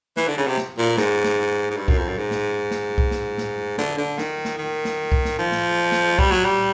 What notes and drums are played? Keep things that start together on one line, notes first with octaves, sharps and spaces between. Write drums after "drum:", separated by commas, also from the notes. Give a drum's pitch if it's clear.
E3, drum: snare
D3
C#3
C3
drum: snare
A#2
G#2, drum: snare
drum: snare
G#2
G2
F#2, drum: kick C2
F2
F#2
G#2
drum: snare
drum: snare
drum: kick C2
drum: snare
drum: snare
D3, drum: snare
D3
D#3, drum: snare
drum: snare
D#3
drum: snare
drum: kick C2
drum: snare
F3
drum: snare
drum: snare
G3, drum: kick C2
F#3, drum: snare
G3